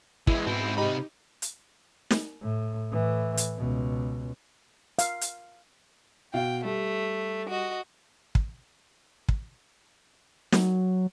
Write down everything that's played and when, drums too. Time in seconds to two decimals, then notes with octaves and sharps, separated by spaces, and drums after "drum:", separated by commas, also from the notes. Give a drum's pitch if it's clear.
0.27 E3 G#3 E4, drum: kick
0.47 G#2 B2 C4 E4
0.78 C3 D#4 G4 B5
1.42 drum: hi-hat
2.10 drum: snare
2.42 A2
2.91 A2 E3
3.37 drum: hi-hat
3.58 C#2 B2
4.99 F5, drum: hi-hat
5.21 drum: hi-hat
6.34 B2 F5 G5
6.64 G3 A3
7.49 F#4 D#5
8.35 drum: kick
9.29 drum: kick
10.52 F#3, drum: snare